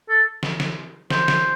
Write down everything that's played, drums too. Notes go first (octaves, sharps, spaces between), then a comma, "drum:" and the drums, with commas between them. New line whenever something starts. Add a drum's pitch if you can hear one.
A4
drum: snare
drum: snare
C5, drum: snare
drum: snare